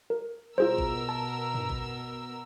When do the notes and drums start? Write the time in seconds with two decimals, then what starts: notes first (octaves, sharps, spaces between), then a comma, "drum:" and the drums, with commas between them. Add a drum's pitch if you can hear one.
0.10 A#4
0.58 B2 F4 G#4 A#4 C5 E6
0.78 drum: kick
1.09 A5
1.54 drum: tom
1.70 drum: kick